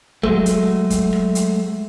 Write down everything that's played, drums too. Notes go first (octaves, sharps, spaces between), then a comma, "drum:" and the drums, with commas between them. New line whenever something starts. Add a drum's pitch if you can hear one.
F#3 G#3 A3, drum: kick
drum: hi-hat
drum: kick, hi-hat
drum: rim click
drum: hi-hat